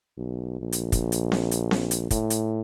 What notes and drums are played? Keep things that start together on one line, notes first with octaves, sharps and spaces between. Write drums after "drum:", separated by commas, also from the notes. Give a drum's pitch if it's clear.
B1
A#1
drum: hi-hat
drum: kick, hi-hat
drum: hi-hat
drum: snare C4
drum: hi-hat
drum: snare C4
drum: hi-hat
A2, drum: kick, hi-hat
drum: hi-hat